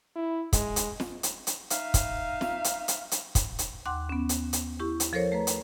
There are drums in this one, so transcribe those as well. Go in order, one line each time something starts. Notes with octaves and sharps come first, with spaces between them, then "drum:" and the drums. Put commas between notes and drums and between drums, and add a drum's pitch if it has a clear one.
E4
G#3, drum: kick, hi-hat
drum: hi-hat
drum: snare
drum: hi-hat
drum: hi-hat
D#4 E5 F5, drum: hi-hat
drum: kick, hi-hat
drum: snare
drum: hi-hat
drum: hi-hat
drum: hi-hat
drum: kick, hi-hat
drum: hi-hat
D#2 F#5 C6 D6 F#6
B3 C#4
drum: hi-hat
drum: hi-hat
E4 G4 C#6
drum: hi-hat
F3 A4 A#4 C5 C#5
A3 B4 A#5
drum: hi-hat